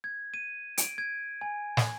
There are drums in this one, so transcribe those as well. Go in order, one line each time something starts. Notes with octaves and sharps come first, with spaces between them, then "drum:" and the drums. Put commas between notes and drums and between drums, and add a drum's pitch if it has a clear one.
G#6
D#7
D7, drum: hi-hat
G#6
G#5
drum: snare